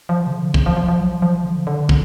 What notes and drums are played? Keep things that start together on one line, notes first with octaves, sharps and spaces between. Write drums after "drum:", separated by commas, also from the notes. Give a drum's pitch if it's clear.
F3
C#3
D3
drum: kick
F3
F3
F3
F#3
F3
D3
D3
drum: kick